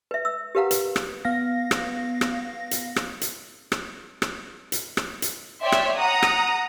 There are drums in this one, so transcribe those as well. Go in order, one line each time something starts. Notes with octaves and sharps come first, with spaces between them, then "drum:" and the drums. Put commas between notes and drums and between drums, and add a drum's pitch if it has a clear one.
B4 E5
E6
G4 A#4 B4 F5 F#5 A#5
B4, drum: hi-hat
drum: rim click
B3 F5 A#6
drum: rim click
drum: rim click
drum: hi-hat
drum: rim click
drum: hi-hat
drum: rim click
drum: rim click
drum: hi-hat
drum: rim click
drum: hi-hat
C#5 D5 E5 G5 C6
drum: rim click
F#5 A#5 D#6
drum: rim click